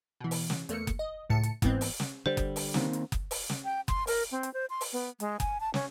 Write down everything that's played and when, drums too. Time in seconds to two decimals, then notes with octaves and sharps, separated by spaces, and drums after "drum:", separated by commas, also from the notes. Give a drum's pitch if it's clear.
0.20 B2 E3
0.31 drum: open hi-hat
0.50 drum: snare
0.69 E2 A3 A#3 C#7, drum: hi-hat
0.87 drum: kick F#1, hi-hat
0.99 D#5
1.30 C#2 A2 A5 C#7
1.43 drum: hi-hat
1.62 G#2 E3 B3 C4, drum: kick F#1, hi-hat
1.81 drum: open hi-hat
2.00 drum: snare
2.26 D3 G3 C5
2.37 drum: kick F#1, hi-hat
2.56 drum: open hi-hat
2.74 D#3 A#3 C4, drum: snare
2.93 drum: hi-hat
3.12 drum: kick F#1, hi-hat
3.31 drum: open hi-hat
3.49 drum: snare
3.65 G5
3.88 C6, drum: kick F#1, hi-hat
4.07 A#4, drum: open hi-hat
4.31 C4
4.43 drum: hi-hat
4.54 C5
4.70 C6
4.81 drum: open hi-hat
4.93 B3
5.20 G#3, drum: hi-hat
5.40 G#5, drum: kick F#1, hi-hat
5.60 A5
5.74 C#4, drum: snare